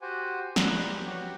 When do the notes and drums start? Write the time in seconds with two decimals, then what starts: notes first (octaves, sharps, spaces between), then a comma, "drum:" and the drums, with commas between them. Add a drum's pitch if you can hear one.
0.02 F#4 G4 C5 F#5 G#5
0.56 D4 G4 B4 A#5, drum: snare
1.06 F#4 G4 C#5 F#5 G5